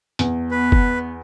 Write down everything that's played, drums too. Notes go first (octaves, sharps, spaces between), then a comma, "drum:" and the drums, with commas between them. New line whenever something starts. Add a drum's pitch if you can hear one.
E2, drum: hi-hat
B3 B4
drum: kick F#1